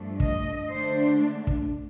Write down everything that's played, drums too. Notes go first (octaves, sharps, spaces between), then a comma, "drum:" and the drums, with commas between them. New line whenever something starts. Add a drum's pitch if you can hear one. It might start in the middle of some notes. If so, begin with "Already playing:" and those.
Already playing: G2 F3 A3 D4
D#5, drum: kick
D3 A3 D4 C5
drum: kick